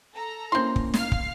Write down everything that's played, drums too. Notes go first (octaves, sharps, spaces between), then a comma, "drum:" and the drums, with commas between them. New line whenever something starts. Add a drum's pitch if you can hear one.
A4 A#5
A#3 C4 C#4 E4 C6
drum: kick
F5 F6 C7, drum: snare
drum: kick